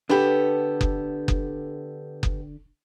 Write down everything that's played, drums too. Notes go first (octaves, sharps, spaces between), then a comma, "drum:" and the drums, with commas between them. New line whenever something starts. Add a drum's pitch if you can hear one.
D3 B3 D4 G4 A4 B5
drum: kick F#1
drum: kick F#1
drum: kick F#1